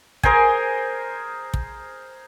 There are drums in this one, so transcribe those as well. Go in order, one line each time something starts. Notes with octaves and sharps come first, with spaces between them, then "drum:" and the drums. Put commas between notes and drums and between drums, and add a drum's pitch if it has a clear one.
G#4 A#4 C5 G#5, drum: kick
drum: kick